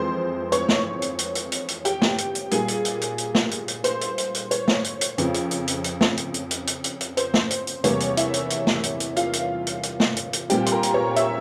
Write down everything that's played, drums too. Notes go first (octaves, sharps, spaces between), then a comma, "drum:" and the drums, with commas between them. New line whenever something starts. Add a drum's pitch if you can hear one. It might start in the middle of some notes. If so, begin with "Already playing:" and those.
Already playing: F2 E3 G#3 C4 C5 C6
C#5 C#6, drum: hi-hat
drum: snare
drum: hi-hat
drum: hi-hat
drum: hi-hat
drum: hi-hat
drum: hi-hat
G4 G5, drum: hi-hat
drum: snare
drum: hi-hat
drum: hi-hat
A#2 G3 A#3 G#4 G#5, drum: hi-hat
drum: hi-hat
drum: hi-hat
drum: hi-hat
drum: hi-hat
drum: snare
drum: hi-hat
drum: hi-hat
C5 C6, drum: hi-hat
drum: hi-hat
drum: hi-hat
drum: hi-hat
C#5, drum: hi-hat
drum: snare
drum: hi-hat
drum: hi-hat
F2 C#3 F3 C4, drum: hi-hat
drum: hi-hat
drum: hi-hat
drum: hi-hat
drum: hi-hat
drum: snare
drum: hi-hat
drum: hi-hat
drum: hi-hat
drum: hi-hat
drum: hi-hat
drum: hi-hat
C5, drum: hi-hat
drum: snare
drum: hi-hat
drum: hi-hat
E2 C3 G3 A#3 C#5, drum: hi-hat
drum: hi-hat
E4 E5, drum: hi-hat
drum: hi-hat
drum: hi-hat
drum: snare
drum: hi-hat
drum: hi-hat
F4 F5, drum: hi-hat
drum: hi-hat
drum: hi-hat
drum: hi-hat
drum: snare
drum: hi-hat
drum: hi-hat
A#2 G3 C4 G4 G5, drum: hi-hat
C6, drum: hi-hat
A#4 A#5
drum: hi-hat
C#5 C#6
E5 E6, drum: hi-hat